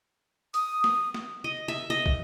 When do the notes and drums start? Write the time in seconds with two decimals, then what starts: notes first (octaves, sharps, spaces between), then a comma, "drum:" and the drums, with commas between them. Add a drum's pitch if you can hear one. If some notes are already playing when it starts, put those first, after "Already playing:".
0.54 D#6, drum: hi-hat
0.84 drum: snare
1.14 drum: snare
1.44 D#5
1.68 E5
1.90 D#5
2.06 drum: kick